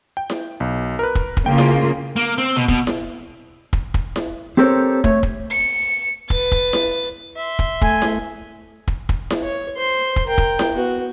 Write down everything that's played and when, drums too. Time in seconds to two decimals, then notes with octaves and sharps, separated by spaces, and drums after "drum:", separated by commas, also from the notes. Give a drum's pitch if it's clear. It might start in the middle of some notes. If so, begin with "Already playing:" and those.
0.17 G5
0.30 drum: snare E4
0.60 B1
0.99 A#4 B4
1.15 drum: kick
1.37 drum: kick
1.46 C#3 A#3 F4 G5
1.58 drum: snare E4
2.16 A#3
2.38 C4
2.56 B2
2.68 B2, drum: kick
2.87 drum: snare E4
3.73 drum: kick
3.94 drum: kick
4.16 drum: snare E4
4.57 C4 G4 A4 A#4 C5 C#5
5.04 A3 C#5, drum: kick
5.23 drum: kick
5.51 C#7
6.30 B4 A6, drum: kick
6.52 drum: kick
6.73 drum: snare E4
7.36 E5 C6
7.59 drum: kick
7.82 A3 G#5, drum: kick
8.02 drum: snare E4
8.88 drum: kick
9.09 drum: kick
9.30 drum: snare E4
9.42 C#5
9.77 C5 C6
10.16 drum: kick
10.27 A#4 G5
10.38 drum: kick
10.59 drum: snare E4
10.75 B3 F#4